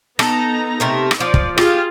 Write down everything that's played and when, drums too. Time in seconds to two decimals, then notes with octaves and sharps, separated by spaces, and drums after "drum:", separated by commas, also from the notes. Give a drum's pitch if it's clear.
0.19 B3 D#4 A4 A#5, drum: rim click
0.80 C3 A3 A#4
1.11 drum: rim click
1.20 F3 D5
1.34 drum: kick
1.58 F4 G4 G#4, drum: rim click